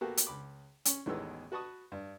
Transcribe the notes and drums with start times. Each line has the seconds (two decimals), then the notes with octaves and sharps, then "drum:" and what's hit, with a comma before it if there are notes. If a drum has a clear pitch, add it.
0.01 A#3 B3 F#4 G4 A4
0.17 drum: hi-hat
0.27 C#2 B5 D6
0.85 C#4, drum: hi-hat
1.06 A1 E2 D#3 G#3 B3 E6
1.52 F#4 B4 A5 C#6 D#6
1.92 G2